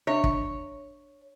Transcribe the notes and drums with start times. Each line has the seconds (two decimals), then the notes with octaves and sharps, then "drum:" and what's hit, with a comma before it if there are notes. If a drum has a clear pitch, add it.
0.07 D4 C#5 E5
0.24 drum: kick